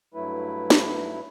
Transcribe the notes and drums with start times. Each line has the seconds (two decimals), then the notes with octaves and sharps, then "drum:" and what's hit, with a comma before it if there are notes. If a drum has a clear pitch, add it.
0.14 G2 F#3 A3 E4 B4
0.70 drum: snare